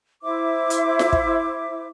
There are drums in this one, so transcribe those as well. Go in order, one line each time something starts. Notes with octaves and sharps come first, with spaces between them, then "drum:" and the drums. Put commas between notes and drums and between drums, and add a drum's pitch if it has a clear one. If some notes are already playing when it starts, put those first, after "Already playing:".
E4 C5 E5 D6
drum: hi-hat
drum: snare F4
drum: kick